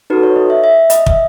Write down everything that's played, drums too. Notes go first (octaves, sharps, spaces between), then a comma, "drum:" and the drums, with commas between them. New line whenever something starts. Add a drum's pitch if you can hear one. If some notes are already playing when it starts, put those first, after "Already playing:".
D#4 F#4 A4 B4
C#5
D#5
E5
E5
D#5, drum: hi-hat
E5, drum: kick